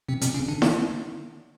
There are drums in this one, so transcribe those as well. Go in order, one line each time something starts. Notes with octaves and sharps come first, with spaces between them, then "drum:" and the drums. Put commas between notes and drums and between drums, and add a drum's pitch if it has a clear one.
C3 C4
C3 C4, drum: hi-hat
C#3 C#4
D3 D4
D#3 D#4, drum: snare E4